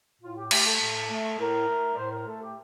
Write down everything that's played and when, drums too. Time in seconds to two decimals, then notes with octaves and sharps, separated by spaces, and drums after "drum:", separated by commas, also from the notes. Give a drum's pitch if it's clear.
0.22 A2 F4
0.37 G4
0.51 A3 G4, drum: cymbal
0.66 A4
0.80 A2
1.10 A3
1.39 A2 A#4
1.68 A3
1.93 D5
1.98 A2 C5
2.12 A#4
2.27 A3 A4
2.42 G4